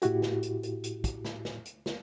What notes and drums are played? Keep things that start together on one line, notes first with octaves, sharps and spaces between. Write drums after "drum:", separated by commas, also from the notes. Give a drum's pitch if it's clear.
A2 E4 F#4 G4, drum: hi-hat
drum: snare
drum: hi-hat
drum: hi-hat
drum: hi-hat
drum: kick, hi-hat
drum: snare
drum: snare
drum: hi-hat
drum: snare